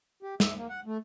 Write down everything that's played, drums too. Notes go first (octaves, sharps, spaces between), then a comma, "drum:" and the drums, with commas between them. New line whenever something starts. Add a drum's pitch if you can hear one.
G4
E5, drum: snare
A#3
F#5
A3